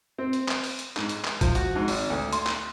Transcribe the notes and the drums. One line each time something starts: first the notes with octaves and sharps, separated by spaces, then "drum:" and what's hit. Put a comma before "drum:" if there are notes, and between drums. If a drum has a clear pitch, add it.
C4
drum: hi-hat
drum: clap
drum: open hi-hat
drum: hi-hat
G#2, drum: clap
drum: hi-hat
drum: clap
F3, drum: kick, hi-hat
F#4, drum: hi-hat
G#2
G#1, drum: open hi-hat
D2
C6, drum: hi-hat
drum: clap